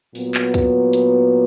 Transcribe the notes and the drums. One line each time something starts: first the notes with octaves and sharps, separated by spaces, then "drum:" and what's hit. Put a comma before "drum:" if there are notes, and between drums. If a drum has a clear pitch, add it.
A#2 F#3 B3, drum: open hi-hat
drum: clap
drum: kick, hi-hat
drum: hi-hat